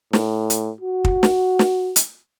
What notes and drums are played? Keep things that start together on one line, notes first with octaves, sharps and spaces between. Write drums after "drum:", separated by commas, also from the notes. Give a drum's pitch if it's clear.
A2, drum: snare
drum: hi-hat
F#4
drum: kick
drum: snare
drum: snare
drum: hi-hat